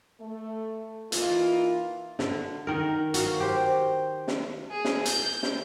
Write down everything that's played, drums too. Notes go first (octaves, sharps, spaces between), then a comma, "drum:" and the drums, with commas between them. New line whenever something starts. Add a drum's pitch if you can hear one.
A3
E3 A#3 D#4 F4, drum: hi-hat
D3, drum: snare
D#3 A#4
F#4 F5, drum: hi-hat
G4 C5
drum: snare
G#4
drum: snare
G6, drum: hi-hat
drum: snare